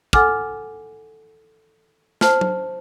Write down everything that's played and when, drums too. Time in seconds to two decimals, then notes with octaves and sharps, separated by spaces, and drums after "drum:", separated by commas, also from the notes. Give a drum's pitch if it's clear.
0.13 A4 F#5 G#5 D6 F6, drum: kick
2.21 C5 A5 F6, drum: snare
2.41 drum: tom F#3